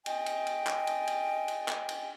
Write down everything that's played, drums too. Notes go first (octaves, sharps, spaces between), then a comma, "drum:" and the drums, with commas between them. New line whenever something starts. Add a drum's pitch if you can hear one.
D#5 G5 G#5, drum: cymbal
drum: cymbal
drum: cymbal
drum: clap
drum: cymbal
drum: cymbal
drum: cymbal
drum: clap
drum: cymbal